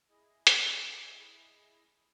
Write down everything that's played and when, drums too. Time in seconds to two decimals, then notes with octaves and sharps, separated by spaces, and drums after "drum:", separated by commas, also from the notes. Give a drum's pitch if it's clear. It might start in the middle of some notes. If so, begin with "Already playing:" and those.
0.10 E4 G#4 D#5
0.47 drum: hi-hat